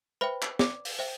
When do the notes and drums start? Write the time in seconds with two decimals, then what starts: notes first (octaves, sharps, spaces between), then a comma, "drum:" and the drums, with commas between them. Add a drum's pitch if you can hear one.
0.21 B4 C5 E5 G5 B5
0.42 drum: clap
0.59 D5 D6, drum: snare
0.85 drum: open hi-hat
0.99 C5 E5 G5